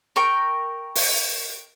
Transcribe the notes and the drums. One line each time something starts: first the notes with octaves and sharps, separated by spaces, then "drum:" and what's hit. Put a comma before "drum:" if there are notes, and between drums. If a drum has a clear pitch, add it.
A#4 G5 C#6
drum: open hi-hat